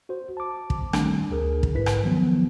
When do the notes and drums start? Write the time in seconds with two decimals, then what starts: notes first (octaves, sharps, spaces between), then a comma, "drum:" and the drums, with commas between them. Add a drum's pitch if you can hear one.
0.09 F#4 C5
0.37 A5 D6
0.70 drum: kick
0.93 D#3 G3 A3 C4 D4, drum: rim click
1.31 D2 G#4 A#4
1.63 drum: kick
1.75 G#2 E4 B4 B6
1.86 drum: rim click
2.03 D#3 F3 F#3 B3